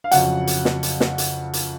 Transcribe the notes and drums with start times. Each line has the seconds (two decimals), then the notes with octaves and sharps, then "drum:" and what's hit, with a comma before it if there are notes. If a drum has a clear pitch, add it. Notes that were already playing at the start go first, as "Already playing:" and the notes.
0.04 F5
0.11 F2 C#3 F#3 F#5, drum: hi-hat
0.47 drum: hi-hat
0.65 drum: snare
0.83 drum: hi-hat
1.00 drum: snare
1.18 drum: hi-hat
1.53 drum: hi-hat